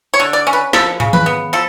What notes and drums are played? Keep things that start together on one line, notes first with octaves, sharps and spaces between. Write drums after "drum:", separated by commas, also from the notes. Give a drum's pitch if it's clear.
C#5
D3
D5
C#4
B4
F3 A4, drum: snare
C#3, drum: tom
B4, drum: tom D#3
B3
F3 A4